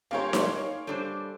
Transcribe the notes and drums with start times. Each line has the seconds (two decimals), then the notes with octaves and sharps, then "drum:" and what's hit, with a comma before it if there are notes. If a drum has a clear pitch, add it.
0.11 G2 A#3 G4 G#4 A#4 C5 C#5
0.33 drum: snare D#4
0.87 G3 D4 A4 C5 D6